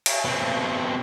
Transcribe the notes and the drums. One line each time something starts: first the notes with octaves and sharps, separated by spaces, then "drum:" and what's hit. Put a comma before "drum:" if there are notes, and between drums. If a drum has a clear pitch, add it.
drum: cymbal
B2 C4